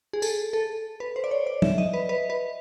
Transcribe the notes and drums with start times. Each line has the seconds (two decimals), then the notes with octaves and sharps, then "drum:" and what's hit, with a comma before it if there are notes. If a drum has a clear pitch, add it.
0.13 G#4
0.22 A4, drum: tambourine
0.53 A4
1.00 B4
1.16 C5
1.24 D5
1.31 C#5
1.47 D5
1.62 E5, drum: tom
1.78 D#5
1.94 B4
2.09 B4
2.30 B4